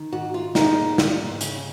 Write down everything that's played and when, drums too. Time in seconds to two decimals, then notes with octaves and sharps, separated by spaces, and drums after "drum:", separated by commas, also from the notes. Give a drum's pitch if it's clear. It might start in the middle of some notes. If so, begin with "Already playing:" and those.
Already playing: D#3
0.12 G#2 F#4
0.34 F4
0.55 G#3 D#4, drum: snare
0.98 G#2, drum: snare
1.41 C#3 C#4, drum: hi-hat